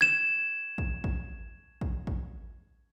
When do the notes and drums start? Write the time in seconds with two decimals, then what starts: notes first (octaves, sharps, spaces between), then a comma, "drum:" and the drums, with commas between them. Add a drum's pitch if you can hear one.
0.01 G#6 E7
0.78 drum: kick
1.04 drum: kick
1.81 drum: kick
2.07 drum: kick